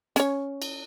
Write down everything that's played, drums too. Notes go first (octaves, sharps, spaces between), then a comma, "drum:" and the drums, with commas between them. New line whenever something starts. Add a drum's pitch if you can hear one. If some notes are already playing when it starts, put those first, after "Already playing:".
C#4 C#5, drum: hi-hat
drum: cymbal